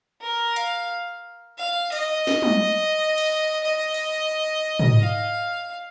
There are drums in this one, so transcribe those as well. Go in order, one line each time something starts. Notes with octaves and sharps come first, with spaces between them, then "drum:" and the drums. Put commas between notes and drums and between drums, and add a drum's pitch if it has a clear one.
A#4
F5, drum: hi-hat
F5
D#5, drum: cymbal
drum: snare
drum: tom
drum: cymbal
D#5
drum: cymbal
drum: tom
F5